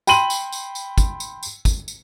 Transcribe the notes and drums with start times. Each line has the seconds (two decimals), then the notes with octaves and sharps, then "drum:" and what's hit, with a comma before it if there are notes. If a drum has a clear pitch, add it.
0.07 G5 B5 C6 D#7 F#7, drum: tambourine
0.30 drum: tambourine
0.53 drum: tambourine
0.75 drum: tambourine
0.98 drum: kick, tambourine
1.20 drum: tambourine
1.43 drum: tambourine
1.65 drum: kick, tambourine
1.88 drum: tambourine